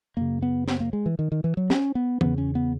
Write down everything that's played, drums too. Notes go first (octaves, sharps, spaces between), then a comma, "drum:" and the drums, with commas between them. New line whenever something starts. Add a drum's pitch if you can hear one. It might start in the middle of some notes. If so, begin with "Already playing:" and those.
F#2 C#3 A#3
B3
B3, drum: snare
A#3
G#3
E3
D#3
D#3
E3
F#3
C#4, drum: snare
B3
E2 C#3 B3, drum: tom
C#4
B3